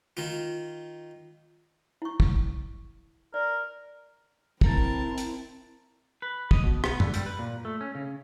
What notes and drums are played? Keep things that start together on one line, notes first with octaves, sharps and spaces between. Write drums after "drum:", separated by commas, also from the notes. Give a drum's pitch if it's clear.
D#3 F4
E4 C#6
drum: kick
A#4 D5
C4 E4 A#4 A5, drum: kick
drum: hi-hat
B4
D#5, drum: kick
B2
B3, drum: rim click
D3, drum: tom F#2
G3, drum: hi-hat
B4
A#2
A3
C#4
C#3